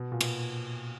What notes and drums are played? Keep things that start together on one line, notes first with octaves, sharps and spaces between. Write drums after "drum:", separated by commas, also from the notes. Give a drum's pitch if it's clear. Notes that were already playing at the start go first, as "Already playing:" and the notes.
Already playing: B2
A#2
B2, drum: cymbal